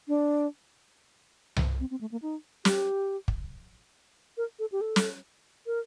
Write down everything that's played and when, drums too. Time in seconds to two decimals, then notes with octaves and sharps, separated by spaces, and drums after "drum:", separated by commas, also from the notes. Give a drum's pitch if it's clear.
0.08 D4
1.56 drum: tom C2
1.80 C4
1.91 C4
2.01 A3
2.12 A#3
2.22 D#4
2.65 G4, drum: snare
3.28 drum: kick
4.37 A#4
4.59 A4
4.72 G4
4.81 A4
4.96 drum: snare
5.66 A#4